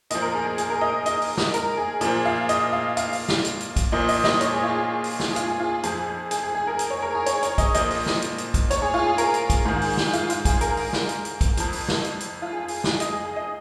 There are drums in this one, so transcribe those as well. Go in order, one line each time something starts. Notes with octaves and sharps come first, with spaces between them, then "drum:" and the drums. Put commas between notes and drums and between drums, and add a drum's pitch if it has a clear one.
A#2 F3 D#5, drum: hi-hat
A#4
G#4
G#4
G#4, drum: hi-hat
A#4
D#5
D#5, drum: hi-hat
drum: open hi-hat
drum: snare
A#4, drum: hi-hat
G#4
A#2 F3 G#4, drum: hi-hat
F5
D#5, drum: hi-hat
F5
F5, drum: hi-hat
drum: open hi-hat
drum: snare
drum: hi-hat
drum: hi-hat
drum: kick B1, hi-hat
A#2 F3 D#5
D#5, drum: open hi-hat
D#5, drum: snare
C#5, drum: hi-hat
G#4
F4
G#4
drum: open hi-hat
drum: snare
G#4
F4, drum: hi-hat
G#4
F4
G#4
F2 F3 G#4, drum: hi-hat
G#4
G#4, drum: hi-hat
G#4
G#4
A#4
drum: hi-hat
C#5
A#4
G#4
C#5, drum: hi-hat
C#5, drum: hi-hat
D#5, drum: kick B1, hi-hat
A#2 F3 D#5, drum: hi-hat
drum: open hi-hat
drum: snare
drum: hi-hat
drum: hi-hat
drum: kick B1, hi-hat
C#5, drum: hi-hat
G#4
F4
G#4
A#4, drum: hi-hat
drum: hi-hat
drum: kick B1, hi-hat
G#2 D#3 G#4
drum: open hi-hat
drum: snare
F4, drum: hi-hat
F4, drum: hi-hat
G#4, drum: kick B1, hi-hat
A#4, drum: hi-hat
drum: open hi-hat
drum: snare
drum: hi-hat
drum: hi-hat
drum: kick B1, hi-hat
F2 F3, drum: hi-hat
drum: open hi-hat
drum: snare
drum: hi-hat
drum: hi-hat
F4
G#4
drum: open hi-hat
drum: snare
D#5, drum: hi-hat
G#4
G#4
D#5